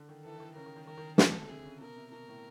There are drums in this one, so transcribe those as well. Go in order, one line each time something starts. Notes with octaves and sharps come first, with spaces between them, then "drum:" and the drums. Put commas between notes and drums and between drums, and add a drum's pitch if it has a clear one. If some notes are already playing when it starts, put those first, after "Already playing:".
Already playing: D3
D#3
E3 A4
E3
D#3
C#3 A#4
D#3
D#3
D#3 A#4
D#3
D3 A4, drum: snare
C3
C3 G#4
C#3
B2 A#4
C3
B2 A#4
A2